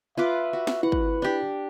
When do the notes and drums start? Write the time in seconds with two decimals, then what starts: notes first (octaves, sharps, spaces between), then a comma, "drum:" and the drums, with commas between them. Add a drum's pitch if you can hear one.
0.17 F4 B4 E5 D6
0.53 F#4
0.67 drum: snare
0.83 E4 B4 F#5
0.92 drum: kick G#1
1.22 D4 G4